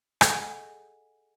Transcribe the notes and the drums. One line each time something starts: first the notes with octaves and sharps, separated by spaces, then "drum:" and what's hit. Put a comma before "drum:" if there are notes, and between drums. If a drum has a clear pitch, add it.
G#4 A4 D#5 F#5 G#5, drum: rim click